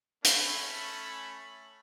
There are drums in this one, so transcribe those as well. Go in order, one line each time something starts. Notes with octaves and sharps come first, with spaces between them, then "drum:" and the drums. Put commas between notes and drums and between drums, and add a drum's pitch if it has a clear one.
A3 C#4 A5 B5, drum: hi-hat